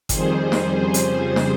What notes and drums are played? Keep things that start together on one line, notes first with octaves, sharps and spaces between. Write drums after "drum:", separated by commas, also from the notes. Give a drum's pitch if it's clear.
F2 D#3 G3 G#4 C5, drum: kick G1, hi-hat
drum: snare
F2 C#3 G3
drum: hi-hat
drum: snare